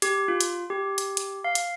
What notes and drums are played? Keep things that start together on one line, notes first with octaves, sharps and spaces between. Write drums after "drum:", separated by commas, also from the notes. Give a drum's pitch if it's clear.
G4, drum: hi-hat
F4
drum: hi-hat
G4
drum: hi-hat
drum: hi-hat
F5
drum: hi-hat